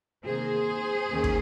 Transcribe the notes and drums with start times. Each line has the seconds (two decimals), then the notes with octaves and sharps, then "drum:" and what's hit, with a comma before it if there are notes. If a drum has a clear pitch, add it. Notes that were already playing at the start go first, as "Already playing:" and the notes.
0.24 C3 D#3 A#3 G#4 C5
1.10 D#2 D#3 A#3 C#4
1.24 drum: kick